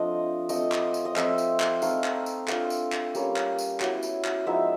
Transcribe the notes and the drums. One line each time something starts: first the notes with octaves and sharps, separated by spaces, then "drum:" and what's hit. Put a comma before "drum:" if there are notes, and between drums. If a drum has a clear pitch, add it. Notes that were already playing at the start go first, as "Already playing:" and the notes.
Already playing: F3 A3 C4 D4 F4 D#5
A3 C4 F4 D#5, drum: tambourine
drum: clap
drum: tambourine
D#5
F3 A3 C4 E5, drum: clap
drum: tambourine
drum: clap
A3 C4 D#4 F5, drum: tambourine
drum: clap
drum: tambourine
A3 D4 F4 F5, drum: clap
drum: tambourine
drum: clap
G3 A#3 C#4, drum: tambourine
drum: clap
drum: tambourine
F#3 B3 E4, drum: clap
drum: tambourine
drum: clap
F3 G#3 B3 D#4 E5